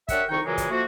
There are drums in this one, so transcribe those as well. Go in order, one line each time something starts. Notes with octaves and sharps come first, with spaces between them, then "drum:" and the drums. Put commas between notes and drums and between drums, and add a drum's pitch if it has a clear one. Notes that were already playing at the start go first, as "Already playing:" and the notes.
D4 G4 A#4 C#5 E5 F#5, drum: kick, hi-hat
C2 F2 D#3 D#4 G5 C#6
F#2 A#2 C#3 E3 F#3 G#3
drum: kick, hi-hat
F3 A3 A#3 F#4